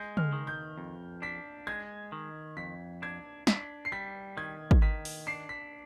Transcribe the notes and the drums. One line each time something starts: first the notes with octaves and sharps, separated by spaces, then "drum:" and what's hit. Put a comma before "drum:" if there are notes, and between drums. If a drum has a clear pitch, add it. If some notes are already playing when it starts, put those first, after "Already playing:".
Already playing: G#3 G6
F6, drum: tom
D#3
G6
F2
D4 B6
G#3 G#6
D#3
F2 B6
D4 G#6
D4 B6, drum: snare
C7
G3 B6
D#3 G#6
drum: kick
D#3 B6
drum: open hi-hat
D4 C7
B6